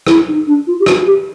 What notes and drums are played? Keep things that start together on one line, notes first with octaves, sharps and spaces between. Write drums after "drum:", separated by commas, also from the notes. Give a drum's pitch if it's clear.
E4, drum: rim click
D#4
D4
F4
G4
F#4, drum: rim click
F#4
G4